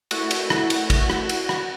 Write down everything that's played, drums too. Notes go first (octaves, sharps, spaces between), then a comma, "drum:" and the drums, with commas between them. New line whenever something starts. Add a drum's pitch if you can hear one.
A3 E4 F#4, drum: cymbal
drum: cymbal
drum: rim click
drum: cymbal
drum: kick, cymbal
drum: rim click
drum: cymbal
drum: rim click